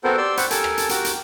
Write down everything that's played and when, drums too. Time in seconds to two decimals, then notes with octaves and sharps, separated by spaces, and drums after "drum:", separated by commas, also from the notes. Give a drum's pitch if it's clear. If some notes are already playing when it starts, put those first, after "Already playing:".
0.04 B3 C4 F#4 A4 A#4 C5
0.18 G4 D5 C6 E6
0.37 C5 F#5 B5 C#6, drum: hi-hat
0.51 G4 A4 A#4 G#5 A5, drum: hi-hat
0.64 drum: rim click
0.78 drum: hi-hat
0.89 F#4 G4 A#4, drum: hi-hat
1.05 drum: hi-hat